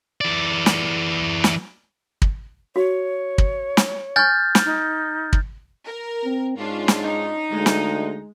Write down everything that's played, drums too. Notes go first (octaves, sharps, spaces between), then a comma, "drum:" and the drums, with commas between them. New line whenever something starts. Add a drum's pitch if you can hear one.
E3 D5
drum: snare
drum: snare
drum: kick
F#4 C#5
drum: kick
drum: snare
G#5 C#6 F6 G6 A6
drum: snare
D#4
drum: kick
A#4
C4
G#2 C#4 D4 F4
drum: snare
D#4
D2 G#3
drum: snare